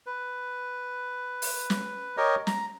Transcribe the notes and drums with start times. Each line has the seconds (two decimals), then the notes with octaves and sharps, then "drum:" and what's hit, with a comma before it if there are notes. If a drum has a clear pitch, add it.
0.06 B4
1.42 drum: open hi-hat
1.70 drum: snare
2.17 G4 A#4 C#5 D#5
2.47 A#5, drum: snare